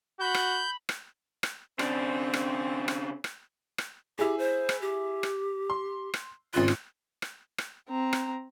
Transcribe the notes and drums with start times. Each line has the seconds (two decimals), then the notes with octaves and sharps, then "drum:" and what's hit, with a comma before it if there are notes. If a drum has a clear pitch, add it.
0.20 F#4 B5 G6
0.34 drum: rim click
0.89 drum: rim click
1.43 drum: rim click
1.79 C#3 C4 D4, drum: rim click
2.34 drum: rim click
2.88 drum: rim click
3.24 drum: rim click
3.78 drum: rim click
4.19 E4 G4 G#4
4.38 C5
4.69 drum: rim click
4.81 G4
5.23 drum: rim click
5.70 C6
6.14 drum: rim click
6.54 G#1 C#3 F4 F#6
6.68 drum: rim click
7.22 drum: rim click
7.58 drum: rim click
7.89 C4 A#5
8.13 drum: rim click